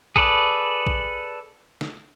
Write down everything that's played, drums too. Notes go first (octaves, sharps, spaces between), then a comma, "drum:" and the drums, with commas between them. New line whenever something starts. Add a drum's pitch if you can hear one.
G#4 A4 B4 D5, drum: kick A#1
drum: kick A#1
drum: snare